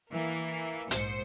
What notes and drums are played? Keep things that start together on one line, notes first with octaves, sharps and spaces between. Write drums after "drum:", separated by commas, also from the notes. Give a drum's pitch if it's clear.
E3 A#3
A#1 G#2 C5 C#7, drum: hi-hat